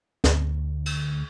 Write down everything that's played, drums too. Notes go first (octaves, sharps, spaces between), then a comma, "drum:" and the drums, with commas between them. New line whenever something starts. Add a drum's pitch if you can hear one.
D2, drum: snare
drum: cymbal